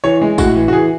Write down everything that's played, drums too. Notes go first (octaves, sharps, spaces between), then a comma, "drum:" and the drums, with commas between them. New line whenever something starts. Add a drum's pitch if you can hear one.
E3 C#5
G#3
A2 F#4, drum: kick G#1, tambourine
E3
F#4
E3 G#4